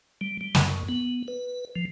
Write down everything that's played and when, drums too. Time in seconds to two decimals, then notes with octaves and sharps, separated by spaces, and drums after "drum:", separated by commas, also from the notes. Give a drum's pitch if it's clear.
0.21 G3
0.41 G3
0.55 F#2, drum: snare
0.89 B3
1.28 B4
1.76 F3